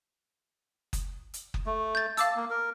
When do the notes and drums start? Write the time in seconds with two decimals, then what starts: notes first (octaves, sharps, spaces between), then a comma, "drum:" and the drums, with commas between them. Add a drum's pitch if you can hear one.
0.93 drum: kick F#1, hi-hat
1.34 drum: hi-hat
1.54 drum: kick F#1
1.66 A3
1.95 G6 A6
2.17 F5 A5 D6 E6, drum: hi-hat
2.36 A#3
2.50 A#4